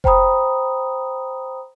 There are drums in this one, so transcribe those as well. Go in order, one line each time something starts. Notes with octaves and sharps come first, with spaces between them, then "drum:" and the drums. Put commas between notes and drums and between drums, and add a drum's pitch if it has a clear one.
C5 G5 A#5 B5 D#6, drum: kick F1